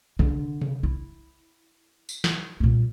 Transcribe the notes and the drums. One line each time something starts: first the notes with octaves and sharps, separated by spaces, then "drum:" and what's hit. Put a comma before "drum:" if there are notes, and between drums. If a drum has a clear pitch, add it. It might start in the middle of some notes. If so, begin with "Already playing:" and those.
D3, drum: tom C3
drum: tom C3
E4
drum: tambourine
drum: snare
A#2 G3